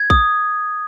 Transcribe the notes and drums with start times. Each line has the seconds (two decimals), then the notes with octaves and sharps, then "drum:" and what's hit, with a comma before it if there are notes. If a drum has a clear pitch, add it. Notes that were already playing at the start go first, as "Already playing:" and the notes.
Already playing: G#6
0.10 D#6, drum: kick